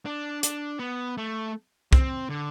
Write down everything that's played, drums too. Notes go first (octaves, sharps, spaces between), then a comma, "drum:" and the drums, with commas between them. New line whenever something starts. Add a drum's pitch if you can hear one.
D4
D4, drum: hi-hat
B3
A3
C4, drum: kick
D3